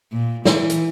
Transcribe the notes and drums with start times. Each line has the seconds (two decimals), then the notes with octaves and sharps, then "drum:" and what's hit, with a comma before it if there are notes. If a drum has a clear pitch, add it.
0.12 A#2
0.45 E3, drum: snare
0.70 drum: hi-hat